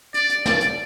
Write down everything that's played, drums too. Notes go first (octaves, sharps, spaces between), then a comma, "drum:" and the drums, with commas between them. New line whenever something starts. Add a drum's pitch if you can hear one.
D5, drum: hi-hat
drum: hi-hat
D5, drum: snare
drum: hi-hat